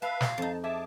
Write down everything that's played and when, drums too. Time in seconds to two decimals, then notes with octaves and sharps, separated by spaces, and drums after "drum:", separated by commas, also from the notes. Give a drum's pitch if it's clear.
0.02 B4 E5 F5 A5
0.21 drum: snare
0.38 F2 D#4 A5
0.64 G#4 E5 A5 D6